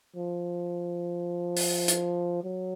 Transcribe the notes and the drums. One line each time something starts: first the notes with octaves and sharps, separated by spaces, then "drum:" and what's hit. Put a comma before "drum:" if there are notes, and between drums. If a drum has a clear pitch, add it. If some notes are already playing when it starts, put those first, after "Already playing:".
F3
drum: open hi-hat
drum: hi-hat
F#3